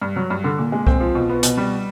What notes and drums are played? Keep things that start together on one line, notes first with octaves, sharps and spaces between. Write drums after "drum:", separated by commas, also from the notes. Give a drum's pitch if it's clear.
G2
F#3
G2
D3
A#2
G#3
C4, drum: kick C2
F3
B2
B3
B2, drum: hi-hat
G3